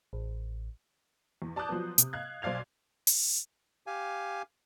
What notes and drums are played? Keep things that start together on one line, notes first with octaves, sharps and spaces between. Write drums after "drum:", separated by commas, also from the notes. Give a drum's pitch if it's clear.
A1
E2
D5 A5 D6 D#6 F#6 G6
F3 F#3 B3
C3, drum: hi-hat
D#5 F5 F#6 G#6
B1 C5 D5 F5 G#6 F7
drum: open hi-hat
G4 F5 G#5